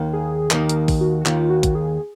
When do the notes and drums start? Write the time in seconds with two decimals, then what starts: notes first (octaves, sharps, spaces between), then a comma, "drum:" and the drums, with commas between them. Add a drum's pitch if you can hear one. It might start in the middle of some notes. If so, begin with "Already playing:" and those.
Already playing: D#2 D#3 A#3
0.13 G#4
0.51 D#2 D#3 A#3 A#4, drum: clap
0.69 drum: hi-hat
0.88 drum: kick, open hi-hat
1.00 F#4
1.21 F#4
1.26 D#2 D#3 A#3 F4, drum: clap
1.50 F#4
1.63 drum: kick, hi-hat
1.75 G#4